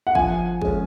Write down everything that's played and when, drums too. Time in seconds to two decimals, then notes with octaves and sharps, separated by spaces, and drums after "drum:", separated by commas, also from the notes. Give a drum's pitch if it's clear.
0.07 F#5
0.15 F3 G#5, drum: kick
0.62 G#3 C#4, drum: kick